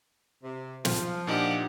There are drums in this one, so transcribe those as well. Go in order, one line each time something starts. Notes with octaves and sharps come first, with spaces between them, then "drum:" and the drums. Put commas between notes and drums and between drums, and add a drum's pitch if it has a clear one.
C3
F3, drum: snare
A#2 D4 D#4 G4 F#5